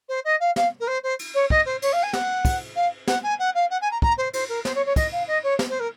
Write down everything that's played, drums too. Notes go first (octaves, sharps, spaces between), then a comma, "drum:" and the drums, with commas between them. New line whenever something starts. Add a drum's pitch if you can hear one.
C5
D#5
F5
F5, drum: snare
A#4
C5
C5
drum: cymbal
C#5
D#5, drum: kick
C5
C#5, drum: cymbal
F5
G#5
F#5, drum: snare
drum: kick, cymbal
F5
F#5, drum: snare
G#5
F#5
F5
F#5
G#5
A#5
A#5, drum: kick
C5
C5, drum: cymbal
A#4
C5, drum: snare
C#5
C#5
D#5, drum: kick, cymbal
F5
D#5
C#5
drum: snare
C5
A#4